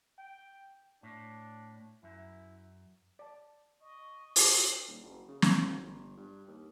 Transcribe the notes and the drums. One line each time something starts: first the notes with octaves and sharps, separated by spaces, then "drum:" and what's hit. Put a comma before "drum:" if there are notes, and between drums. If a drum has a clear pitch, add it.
G5
A2 D4
F#2 E4
D5 A5
D#5 C#6
drum: open hi-hat
D#1
F#1
C#3
D#2, drum: snare
F#1
G1
G2
D#2